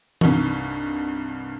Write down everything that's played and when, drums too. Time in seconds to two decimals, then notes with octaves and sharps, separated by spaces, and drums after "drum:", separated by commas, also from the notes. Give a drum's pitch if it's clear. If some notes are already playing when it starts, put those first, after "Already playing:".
0.21 C2 G2 D#4 C#6, drum: tom E3